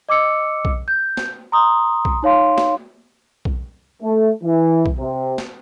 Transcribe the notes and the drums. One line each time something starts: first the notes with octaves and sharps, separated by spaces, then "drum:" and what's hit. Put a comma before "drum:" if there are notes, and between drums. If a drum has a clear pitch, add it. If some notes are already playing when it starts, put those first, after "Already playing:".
D#5 D6 E6 C#7
drum: kick B1
G6
drum: snare
A#5 C6 D#6
drum: kick B1
D#4 C#5 F5 C6
drum: snare
drum: kick B1
A3
E3
drum: kick B1
C3
drum: snare